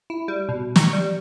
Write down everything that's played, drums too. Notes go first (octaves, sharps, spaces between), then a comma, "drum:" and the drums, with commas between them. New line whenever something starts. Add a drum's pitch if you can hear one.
E4
G3
B2
C#6, drum: snare
G3